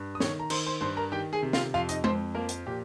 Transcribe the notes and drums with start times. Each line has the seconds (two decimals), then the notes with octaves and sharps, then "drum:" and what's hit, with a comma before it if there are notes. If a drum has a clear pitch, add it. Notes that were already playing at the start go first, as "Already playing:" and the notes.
Already playing: G2
0.15 D#6
0.20 D#3 C#5 C#6, drum: snare
0.39 A#5
0.50 D#3 C5 C6, drum: cymbal
0.66 C5 C6
0.81 G2 C5 C6
0.97 A#4 A#5
1.12 D#3 G4 G5
1.33 G#4 G#5
1.43 C3
1.53 F4 F5, drum: snare
1.74 F2 F4 F5
1.89 D#4 D#5, drum: hi-hat
2.04 F2 C4 C5, drum: tom G#3
2.35 F3 A#3 A#4
2.49 drum: hi-hat
2.66 A#2 G4